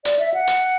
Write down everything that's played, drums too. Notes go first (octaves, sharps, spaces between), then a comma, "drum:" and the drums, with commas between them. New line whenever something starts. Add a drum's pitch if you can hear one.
D5, drum: hi-hat
E5
F#5
drum: hi-hat